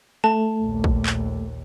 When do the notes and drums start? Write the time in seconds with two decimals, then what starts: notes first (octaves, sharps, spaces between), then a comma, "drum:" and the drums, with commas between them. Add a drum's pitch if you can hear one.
0.24 A3 A5
0.62 A#1 D#2
0.84 drum: kick
1.06 drum: clap